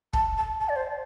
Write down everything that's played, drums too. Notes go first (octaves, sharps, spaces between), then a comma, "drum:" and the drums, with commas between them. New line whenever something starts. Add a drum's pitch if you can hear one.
A5, drum: kick
A5
A5
D5
C5